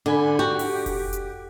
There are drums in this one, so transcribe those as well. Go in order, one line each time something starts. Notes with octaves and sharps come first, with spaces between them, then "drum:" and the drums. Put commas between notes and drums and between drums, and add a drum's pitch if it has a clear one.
D3 D4 G#5 B5
F#4 G4
drum: open hi-hat
drum: kick F1, open hi-hat
drum: hi-hat